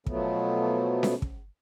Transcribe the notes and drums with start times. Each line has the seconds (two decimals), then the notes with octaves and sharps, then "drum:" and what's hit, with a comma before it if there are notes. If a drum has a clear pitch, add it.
0.06 B2 F3 F#3 A3 B3, drum: kick
1.03 drum: snare C#4
1.22 drum: kick